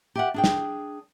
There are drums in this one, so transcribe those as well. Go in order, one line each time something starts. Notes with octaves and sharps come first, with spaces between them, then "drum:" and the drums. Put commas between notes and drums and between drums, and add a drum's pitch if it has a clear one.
G4 E5 F#5
D4 G#4 G5
drum: snare